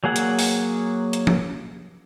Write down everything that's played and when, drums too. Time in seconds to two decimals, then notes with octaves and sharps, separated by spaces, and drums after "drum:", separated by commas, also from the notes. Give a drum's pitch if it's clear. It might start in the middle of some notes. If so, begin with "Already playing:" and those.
0.04 F#3 A#3 G#4 F#5
0.16 drum: hi-hat
0.39 drum: open hi-hat
1.13 drum: hi-hat
1.27 drum: tom F3